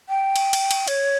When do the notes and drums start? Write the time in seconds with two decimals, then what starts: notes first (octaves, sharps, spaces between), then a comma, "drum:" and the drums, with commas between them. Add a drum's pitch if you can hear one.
0.09 G5
0.36 drum: cymbal
0.53 drum: cymbal
0.71 drum: cymbal
0.87 C#5, drum: cymbal